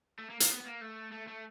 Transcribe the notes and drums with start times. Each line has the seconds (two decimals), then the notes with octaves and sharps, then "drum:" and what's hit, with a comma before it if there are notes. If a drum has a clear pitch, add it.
0.19 A3
0.30 A#3
0.40 A#3, drum: hi-hat
0.50 B3
0.61 B3
0.66 A#3
0.81 A3
1.12 A3
1.28 A3